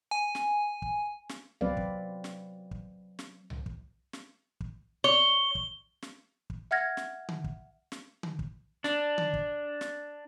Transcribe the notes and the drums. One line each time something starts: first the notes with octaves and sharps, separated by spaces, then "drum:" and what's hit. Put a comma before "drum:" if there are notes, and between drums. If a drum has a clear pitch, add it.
G#5
drum: snare
drum: kick
drum: snare
F#3 C4 B4 D5 F5, drum: tom C2
drum: kick
drum: snare
drum: kick
drum: snare
drum: tom C2
drum: kick
drum: snare
drum: kick
C#5 G7
drum: kick
drum: snare
drum: kick
E5 F#5 F6 G#6 A#6
drum: snare
drum: tom D3
drum: kick
drum: snare
drum: tom D3
drum: kick
D4, drum: snare
drum: tom D3
drum: kick
drum: snare